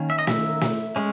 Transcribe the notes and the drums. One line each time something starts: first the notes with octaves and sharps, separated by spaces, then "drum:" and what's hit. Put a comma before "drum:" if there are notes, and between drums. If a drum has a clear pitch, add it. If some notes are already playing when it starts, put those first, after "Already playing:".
Already playing: D#3 A#3 C#4
E5
D#5
E5, drum: snare
drum: snare
G#3 C#4